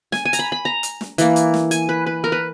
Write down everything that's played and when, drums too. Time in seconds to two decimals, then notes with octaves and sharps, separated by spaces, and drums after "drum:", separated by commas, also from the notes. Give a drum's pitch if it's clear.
0.12 G#5, drum: snare
0.25 G#5
0.33 A#5, drum: hi-hat
0.39 B5
0.52 B5
0.65 A#5
0.83 drum: hi-hat
1.01 drum: snare
1.18 E3 A#3, drum: hi-hat
1.36 drum: hi-hat
1.54 drum: snare
1.71 G#5, drum: hi-hat
1.89 B4
2.07 B4
2.24 A#4
2.32 B4